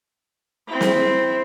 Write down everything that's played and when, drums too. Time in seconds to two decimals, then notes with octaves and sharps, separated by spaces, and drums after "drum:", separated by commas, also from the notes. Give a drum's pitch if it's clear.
0.68 C4 E4
0.81 drum: snare